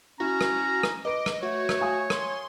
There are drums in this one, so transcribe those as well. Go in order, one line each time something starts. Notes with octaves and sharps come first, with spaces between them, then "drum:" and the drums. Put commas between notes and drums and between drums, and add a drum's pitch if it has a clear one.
C#4 E4 F#4 A#5
drum: rim click
drum: rim click
B4 D#5 D6 D7
drum: rim click
A3 F#4 C#5
drum: rim click
F5 G#5 D#6
C6, drum: rim click